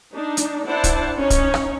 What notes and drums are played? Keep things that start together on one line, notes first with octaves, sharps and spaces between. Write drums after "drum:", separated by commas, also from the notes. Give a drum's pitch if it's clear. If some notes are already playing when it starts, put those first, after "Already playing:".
D4 D#4
drum: hi-hat
D4 E4 C5 D5 F#5 A5
drum: kick, hi-hat
C#4 D#4 C#5
drum: kick, hi-hat
drum: rim click